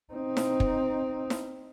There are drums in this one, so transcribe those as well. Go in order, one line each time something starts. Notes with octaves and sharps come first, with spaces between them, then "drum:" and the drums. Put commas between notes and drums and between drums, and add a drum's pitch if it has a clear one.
C4 D#4
drum: snare E4
drum: kick
drum: snare E4